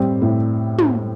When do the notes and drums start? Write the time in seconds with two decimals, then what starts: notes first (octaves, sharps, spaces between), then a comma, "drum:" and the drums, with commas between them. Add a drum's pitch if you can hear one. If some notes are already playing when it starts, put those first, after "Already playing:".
Already playing: A2 G3 C4
0.22 A2
0.79 drum: tom